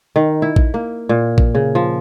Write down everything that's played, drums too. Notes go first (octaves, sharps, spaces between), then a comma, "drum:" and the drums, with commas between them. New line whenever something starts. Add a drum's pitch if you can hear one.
D#3
E4
drum: kick A#1
A#3
A#2
drum: kick A#1
C#3
F3